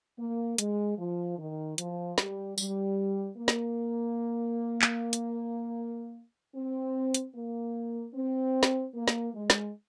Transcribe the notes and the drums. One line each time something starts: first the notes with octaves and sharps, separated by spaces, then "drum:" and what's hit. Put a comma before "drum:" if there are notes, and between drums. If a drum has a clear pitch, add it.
A#3
G#3, drum: hi-hat
F3
D#3
F3, drum: hi-hat
G3, drum: snare
G3, drum: tambourine
A#3
drum: snare
drum: clap
drum: hi-hat
C4
drum: hi-hat
A#3
C4
drum: snare
A#3
drum: snare
G#3
drum: snare